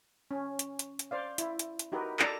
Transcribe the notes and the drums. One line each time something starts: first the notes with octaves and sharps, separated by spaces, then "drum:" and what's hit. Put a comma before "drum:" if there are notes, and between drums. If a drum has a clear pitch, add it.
C#4
drum: hi-hat
drum: hi-hat
drum: hi-hat
C5 D5 F5
E4, drum: hi-hat
drum: hi-hat
drum: hi-hat
D#4 F#4 G4 A#4 B4
A4 D5 A#5, drum: clap